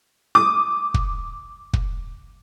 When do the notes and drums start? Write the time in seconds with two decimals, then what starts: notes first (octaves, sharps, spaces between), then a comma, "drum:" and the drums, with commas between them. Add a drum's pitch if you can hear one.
0.35 D6 D#6
0.94 drum: kick
1.73 drum: kick